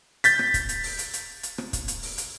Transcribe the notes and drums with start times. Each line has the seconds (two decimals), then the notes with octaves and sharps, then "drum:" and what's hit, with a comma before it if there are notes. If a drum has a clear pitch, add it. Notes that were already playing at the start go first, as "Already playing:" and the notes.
0.24 G6 A6 B6, drum: hi-hat
0.39 drum: rim click
0.54 drum: kick, hi-hat
0.69 drum: hi-hat
0.84 drum: open hi-hat
0.99 drum: hi-hat
1.13 drum: hi-hat
1.43 drum: hi-hat
1.58 drum: rim click
1.73 drum: kick, hi-hat
1.88 drum: hi-hat
2.03 drum: open hi-hat
2.18 drum: hi-hat